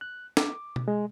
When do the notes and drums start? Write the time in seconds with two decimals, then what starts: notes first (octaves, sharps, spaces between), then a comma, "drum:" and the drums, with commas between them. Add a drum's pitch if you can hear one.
0.01 F#6
0.37 D6, drum: snare
0.76 drum: tom B2
0.88 G#3